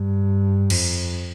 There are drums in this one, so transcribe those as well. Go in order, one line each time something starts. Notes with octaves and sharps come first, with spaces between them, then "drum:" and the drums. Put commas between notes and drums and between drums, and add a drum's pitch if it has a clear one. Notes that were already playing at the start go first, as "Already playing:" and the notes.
Already playing: G2
F2, drum: cymbal